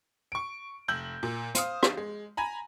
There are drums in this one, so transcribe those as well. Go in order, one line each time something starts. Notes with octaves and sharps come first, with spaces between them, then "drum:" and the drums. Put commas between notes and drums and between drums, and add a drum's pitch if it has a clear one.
C#6 D7
F1 E6 G6 F#7
A#2
C5 F5 D#6, drum: hi-hat
drum: rim click
G#3
G#5 A#5 B5